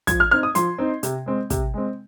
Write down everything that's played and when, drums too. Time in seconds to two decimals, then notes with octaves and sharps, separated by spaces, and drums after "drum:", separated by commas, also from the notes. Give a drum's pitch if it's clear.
0.07 F3 G#6, drum: kick, hi-hat
0.20 F6
0.31 C4 D#4 F6
0.43 D#6
0.55 F3 C6, drum: hi-hat
0.78 C4 D#4
1.03 C3, drum: hi-hat
1.26 G#3 C4
1.50 C3, drum: kick, hi-hat
1.74 G#3 C4